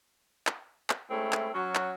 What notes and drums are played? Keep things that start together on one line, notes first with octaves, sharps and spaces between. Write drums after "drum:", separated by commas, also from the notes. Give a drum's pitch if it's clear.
drum: clap
drum: clap
G#3 A3 C4 C#4 E4
drum: clap
F#3 C#4 F#4
drum: clap